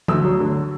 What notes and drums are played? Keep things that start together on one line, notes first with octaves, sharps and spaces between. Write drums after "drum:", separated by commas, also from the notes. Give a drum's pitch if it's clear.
D2 E6, drum: tom
F#3
D3